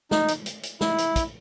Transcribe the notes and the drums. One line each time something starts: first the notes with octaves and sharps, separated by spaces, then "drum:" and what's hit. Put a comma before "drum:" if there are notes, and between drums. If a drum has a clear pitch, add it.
D#4, drum: snare
drum: hi-hat
drum: hi-hat
drum: hi-hat
E4, drum: snare
drum: hi-hat
drum: kick, hi-hat